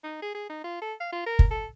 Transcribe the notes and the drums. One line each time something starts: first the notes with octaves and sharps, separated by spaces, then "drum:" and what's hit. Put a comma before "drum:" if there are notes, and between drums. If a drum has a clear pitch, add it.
D#4
G#4
G#4
D#4
F4
A4
F5
F4
A#4
drum: kick
A4